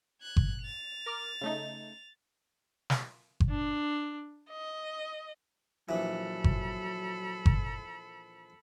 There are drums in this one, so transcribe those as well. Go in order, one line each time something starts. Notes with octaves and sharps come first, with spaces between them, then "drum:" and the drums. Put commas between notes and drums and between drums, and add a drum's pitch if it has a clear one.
F#6 G#6
drum: kick G1
A6 F7
A#4 D6 F6
C#3 A3 D#4
drum: snare
drum: kick G1
D4
D#5
A#1 E3 F#3 A4 B5
drum: kick G1
drum: kick G1